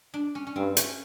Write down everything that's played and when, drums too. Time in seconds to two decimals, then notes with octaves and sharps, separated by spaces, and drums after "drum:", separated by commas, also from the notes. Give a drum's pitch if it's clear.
0.14 D4
0.35 C#4
0.47 C#4
0.56 G2 C4
0.77 C#4, drum: hi-hat